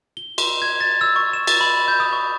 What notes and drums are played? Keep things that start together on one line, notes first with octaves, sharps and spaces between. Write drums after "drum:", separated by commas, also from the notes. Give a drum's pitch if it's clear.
G7
C6, drum: cymbal
G#6
A6
E6
C#6
E7
A6, drum: cymbal
B5
G6
D#6
C#6